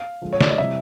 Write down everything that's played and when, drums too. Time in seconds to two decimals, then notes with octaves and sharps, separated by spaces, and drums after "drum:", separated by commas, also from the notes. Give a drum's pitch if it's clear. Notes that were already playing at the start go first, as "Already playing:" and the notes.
Already playing: F5
0.21 D3 F3 G#3
0.33 C#5
0.41 D5, drum: snare
0.50 D#5
0.58 C3 E3 G3 E5